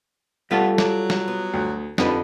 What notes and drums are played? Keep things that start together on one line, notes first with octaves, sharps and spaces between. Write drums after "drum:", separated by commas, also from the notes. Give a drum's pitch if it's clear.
G3 A3 B3 F4 A4
F#3 D5, drum: snare
drum: snare
B3
D2
F2 D3 D#4 G4 B4, drum: snare